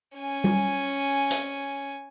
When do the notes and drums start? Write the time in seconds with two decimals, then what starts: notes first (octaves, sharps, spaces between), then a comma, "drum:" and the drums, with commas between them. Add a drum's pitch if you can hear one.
0.17 C#4 G#5
0.44 drum: tom G3
1.31 drum: hi-hat